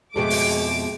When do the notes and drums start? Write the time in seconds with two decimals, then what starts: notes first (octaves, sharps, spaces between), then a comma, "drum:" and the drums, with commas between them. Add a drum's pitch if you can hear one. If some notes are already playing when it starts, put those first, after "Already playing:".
0.16 F2 B2 G#3 A3 D6
0.30 drum: open hi-hat